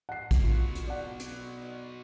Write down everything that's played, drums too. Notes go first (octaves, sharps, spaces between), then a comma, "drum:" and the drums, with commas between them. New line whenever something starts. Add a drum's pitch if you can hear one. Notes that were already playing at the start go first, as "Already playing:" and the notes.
F#5 C7
drum: kick A#1, hi-hat
B2 F#3 F4
drum: hi-hat
D5 F#5
drum: hi-hat